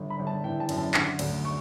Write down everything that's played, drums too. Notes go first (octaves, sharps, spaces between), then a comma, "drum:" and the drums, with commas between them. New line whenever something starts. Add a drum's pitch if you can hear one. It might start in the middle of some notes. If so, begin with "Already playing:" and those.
Already playing: G1
B5
G1
A5
E3 G5
A5
F#2, drum: cymbal
A5
D3, drum: clap
D2, drum: cymbal
C#6